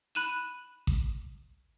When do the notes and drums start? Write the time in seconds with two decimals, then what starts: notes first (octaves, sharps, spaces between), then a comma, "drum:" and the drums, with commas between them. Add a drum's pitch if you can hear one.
0.15 B5 F#6 D#7 E7
0.87 drum: kick A1